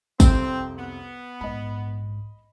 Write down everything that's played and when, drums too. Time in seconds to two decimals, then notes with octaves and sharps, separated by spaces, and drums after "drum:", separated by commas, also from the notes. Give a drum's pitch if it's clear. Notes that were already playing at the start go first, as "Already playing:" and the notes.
0.20 C2 F2 C4, drum: kick, tambourine
0.78 B3
1.41 A#1 G#2 D#5 B5